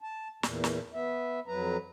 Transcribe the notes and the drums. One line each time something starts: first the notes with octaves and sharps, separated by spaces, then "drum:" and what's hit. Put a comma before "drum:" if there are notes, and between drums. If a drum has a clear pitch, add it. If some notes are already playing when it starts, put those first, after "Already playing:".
A5
E2 A#2, drum: snare
drum: snare
B3 E5
F2 F#3 B4 A#5